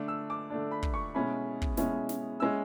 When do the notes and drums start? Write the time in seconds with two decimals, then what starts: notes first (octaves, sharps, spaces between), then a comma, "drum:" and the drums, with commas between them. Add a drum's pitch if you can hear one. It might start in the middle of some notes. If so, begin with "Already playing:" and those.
Already playing: D3 A3 D4
0.08 E6
0.30 D6
0.50 D3 A3 D4
0.71 B5
0.83 drum: kick
0.94 C#6
1.15 B2 G#3 C#4 E4 B5
1.62 drum: kick
1.77 B2 G#3 C#4 E4, drum: snare
2.09 drum: snare
2.40 G#3 C#4 E4 E6